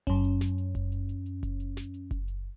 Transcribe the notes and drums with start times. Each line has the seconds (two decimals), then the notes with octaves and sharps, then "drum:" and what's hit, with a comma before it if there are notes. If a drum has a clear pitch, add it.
0.07 F#2 C#4, drum: kick F#1, hi-hat
0.24 drum: hi-hat
0.41 drum: snare
0.58 drum: hi-hat
0.75 drum: kick F#1, hi-hat
0.92 drum: hi-hat
1.09 drum: hi-hat
1.26 drum: hi-hat
1.43 drum: kick F#1, hi-hat
1.60 drum: hi-hat
1.77 drum: snare
1.94 drum: hi-hat
2.11 drum: kick F#1, hi-hat
2.28 drum: hi-hat